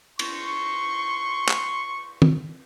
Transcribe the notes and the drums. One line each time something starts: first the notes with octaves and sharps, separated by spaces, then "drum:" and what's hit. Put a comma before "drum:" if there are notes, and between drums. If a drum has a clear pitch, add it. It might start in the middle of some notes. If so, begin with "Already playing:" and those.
C6 C#6, drum: cymbal
drum: clap
drum: tom